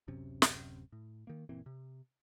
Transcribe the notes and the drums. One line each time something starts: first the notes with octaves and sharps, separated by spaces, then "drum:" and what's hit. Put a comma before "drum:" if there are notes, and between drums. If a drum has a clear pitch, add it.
D1 F#2 C3 C#4
drum: snare
A2
D#3 A#3
F#1 A#2 E3 C4
C3